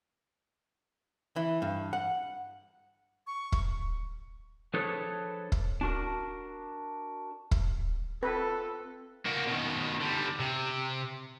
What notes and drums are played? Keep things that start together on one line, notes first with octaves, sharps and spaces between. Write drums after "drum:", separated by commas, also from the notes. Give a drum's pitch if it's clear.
E3
G2
F#5
C#6
drum: kick
F3 D4 G#4 A4 B4 C#5
drum: kick
D4 F#4 A#4
drum: kick
C4 F4 A4 B4
A#3 F#4
B2 D#3
D3 G3
C3